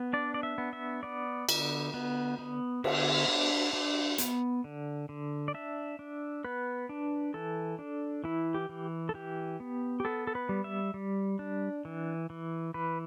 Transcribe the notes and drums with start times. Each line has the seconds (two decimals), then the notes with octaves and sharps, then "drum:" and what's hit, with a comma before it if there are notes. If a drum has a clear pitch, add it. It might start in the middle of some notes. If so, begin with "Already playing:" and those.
Already playing: B3
0.13 D4 D5
0.34 D5
0.43 E5
0.58 B3
0.73 E5
1.03 B3 D5
1.49 D3, drum: cymbal
1.94 B3
2.39 B3
2.84 D3 E5, drum: cymbal
3.28 D4
3.73 D4
4.18 B3, drum: hi-hat
4.64 D3
5.09 D3
5.48 D5
5.54 D4 E5
5.99 D4
6.45 B3 B4
6.89 D4
7.34 E3 A4
7.79 D4
8.24 E3 E4
8.54 G4
8.69 E3
9.09 A4
9.14 E3 G4
9.60 B3
10.00 G4
10.05 B3 A4
10.27 A4
10.35 B4
10.49 G3
10.64 E5
10.94 G3
11.39 D4
11.85 E3
12.30 E3
12.74 E3 B4